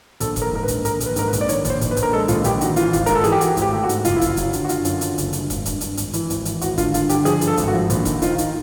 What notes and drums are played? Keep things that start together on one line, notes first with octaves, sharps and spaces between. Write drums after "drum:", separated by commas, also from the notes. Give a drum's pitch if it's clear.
A#1 A4, drum: hi-hat
A#1, drum: kick E1, hi-hat
A#4
G#2 A#4
B4
A#1, drum: hi-hat
A#1 A#4, drum: hi-hat
A#1, drum: hi-hat
B4
G#2 A#4, drum: hi-hat
B4
A#1, drum: hi-hat
D5
D#3 C#5, drum: hi-hat
A#1, drum: kick E1, hi-hat
C5
A#1, drum: hi-hat
B4
A#1, drum: hi-hat
A#4
G#3 A4
A#1 F4, drum: hi-hat
A#1 G4, drum: hi-hat
D#3 F#4, drum: hi-hat
E3 F4, drum: hi-hat
G#1, drum: kick E1, hi-hat
G#2 A#4, drum: hi-hat
A4
E3 G#4, drum: hi-hat
G4
E3 F#4, drum: hi-hat
G#1 G4, drum: hi-hat
A3
F#4
G#2, drum: hi-hat
F#1 F4, drum: hi-hat
E4
F#1, drum: kick E1, hi-hat
F4
F#3, drum: hi-hat
D3, drum: hi-hat
F#4
D3 F4, drum: hi-hat
F#2, drum: hi-hat
D3, drum: hi-hat
F#1, drum: hi-hat
G2, drum: hi-hat
G#1, drum: kick E1, hi-hat
G2, drum: hi-hat
G2, drum: hi-hat
G#1, drum: hi-hat
E3, drum: hi-hat
G#1, drum: hi-hat
E3, drum: hi-hat
G#1 F#4, drum: hi-hat
D3 F4, drum: kick E1, hi-hat
G2 F4, drum: hi-hat
D3 G4, drum: hi-hat
F3 G#4, drum: hi-hat
G2, drum: hi-hat
A4
G#1, drum: hi-hat
F#4
F3
A#1, drum: hi-hat
D#3, drum: kick E1, hi-hat
D#3 F4, drum: hi-hat
D#3, drum: hi-hat